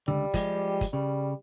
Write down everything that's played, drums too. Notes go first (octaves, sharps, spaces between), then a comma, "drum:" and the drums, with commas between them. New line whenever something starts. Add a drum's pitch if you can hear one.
C#2 F#2 D3 G3
F3 G#3 G4, drum: kick, hi-hat
drum: kick, hi-hat
C#3 G3